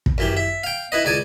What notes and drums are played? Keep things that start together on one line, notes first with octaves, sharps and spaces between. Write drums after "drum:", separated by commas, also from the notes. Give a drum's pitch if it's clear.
drum: kick
F#2 E3 G4
E5
F5 G5
E4 B4 D#5
C#2 D5 G#5 A5